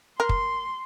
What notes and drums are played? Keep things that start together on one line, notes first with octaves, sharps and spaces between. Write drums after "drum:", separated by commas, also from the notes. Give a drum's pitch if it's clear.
A#4 C6
drum: kick